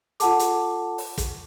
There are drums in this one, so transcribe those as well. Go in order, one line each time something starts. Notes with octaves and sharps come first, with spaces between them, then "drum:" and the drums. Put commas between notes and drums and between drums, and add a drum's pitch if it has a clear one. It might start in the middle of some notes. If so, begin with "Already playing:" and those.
F4 A4 F#5 A5 D6, drum: hi-hat
drum: hi-hat
drum: open hi-hat
drum: kick, hi-hat